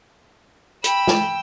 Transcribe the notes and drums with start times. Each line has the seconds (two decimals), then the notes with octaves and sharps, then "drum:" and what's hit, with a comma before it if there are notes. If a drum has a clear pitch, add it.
0.84 G5 B5 E6, drum: hi-hat
1.07 drum: snare